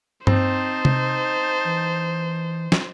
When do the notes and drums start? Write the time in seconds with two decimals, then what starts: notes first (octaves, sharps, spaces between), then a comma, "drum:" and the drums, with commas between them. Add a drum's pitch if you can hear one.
0.27 C4 D#4 C5 A5, drum: tom G2
0.85 drum: tom C3
1.65 E3
2.72 drum: snare